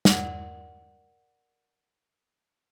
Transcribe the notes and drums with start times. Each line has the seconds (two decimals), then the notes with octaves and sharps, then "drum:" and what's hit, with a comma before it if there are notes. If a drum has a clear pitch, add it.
0.05 A#4 D5 F#5, drum: snare